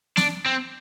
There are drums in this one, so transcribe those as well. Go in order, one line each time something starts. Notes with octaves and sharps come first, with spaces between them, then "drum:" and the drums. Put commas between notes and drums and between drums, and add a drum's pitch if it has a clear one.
D4, drum: snare
C4